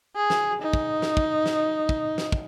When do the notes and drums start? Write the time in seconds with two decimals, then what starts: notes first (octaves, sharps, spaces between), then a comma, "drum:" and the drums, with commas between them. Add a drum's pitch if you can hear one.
0.16 G#4
0.30 drum: snare
0.62 D#4
0.73 drum: kick
1.02 drum: snare
1.17 drum: kick
1.46 drum: snare
1.89 drum: kick
2.18 drum: snare
2.32 drum: kick